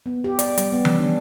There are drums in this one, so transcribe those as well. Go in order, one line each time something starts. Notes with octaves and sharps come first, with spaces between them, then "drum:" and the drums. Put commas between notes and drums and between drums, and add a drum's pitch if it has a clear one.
B3
G4
D5, drum: hi-hat
G3, drum: hi-hat
B3
C#4, drum: tom E3
D4